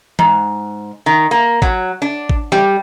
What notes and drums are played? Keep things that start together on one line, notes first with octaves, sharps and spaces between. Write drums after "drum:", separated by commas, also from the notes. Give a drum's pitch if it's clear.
G#2, drum: tom
D#3
A#3
F#3, drum: kick
D4
drum: kick
G3, drum: snare